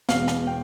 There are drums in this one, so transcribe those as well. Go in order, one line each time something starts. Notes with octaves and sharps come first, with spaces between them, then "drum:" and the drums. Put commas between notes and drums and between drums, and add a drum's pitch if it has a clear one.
E1 E2 B2 F5, drum: snare
drum: snare
G5